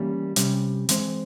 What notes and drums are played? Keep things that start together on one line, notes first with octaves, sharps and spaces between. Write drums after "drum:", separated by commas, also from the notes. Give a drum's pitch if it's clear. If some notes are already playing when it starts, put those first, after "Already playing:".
Already playing: E3 G3 A#3 C#4
C3 G3 C#4, drum: hi-hat
E3 G#3 C4, drum: hi-hat